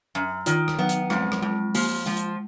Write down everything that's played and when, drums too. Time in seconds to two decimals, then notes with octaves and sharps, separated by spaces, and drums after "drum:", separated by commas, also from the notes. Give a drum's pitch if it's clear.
0.15 F#2
0.46 D#3 F4, drum: hi-hat
0.68 drum: rim click
0.78 F#3 B3
0.89 drum: hi-hat
1.10 F2 G#3, drum: rim click
1.32 drum: rim click
1.42 F2 G#3
1.75 F3 A#3, drum: open hi-hat
2.06 F3 G#3
2.17 drum: hi-hat